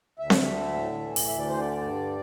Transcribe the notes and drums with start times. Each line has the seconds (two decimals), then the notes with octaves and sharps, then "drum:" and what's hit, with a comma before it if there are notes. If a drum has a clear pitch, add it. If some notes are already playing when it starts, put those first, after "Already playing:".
0.19 D2 E5
0.30 drum: snare C4
0.46 D3
0.73 A2
1.00 E3
1.16 drum: open hi-hat
1.27 D2 E5
1.38 D5
1.49 C5
1.54 D3 D5
1.81 G2